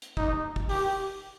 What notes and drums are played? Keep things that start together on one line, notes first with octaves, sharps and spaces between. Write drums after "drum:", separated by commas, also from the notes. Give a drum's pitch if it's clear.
drum: hi-hat
D#4, drum: kick
drum: kick
G4, drum: open hi-hat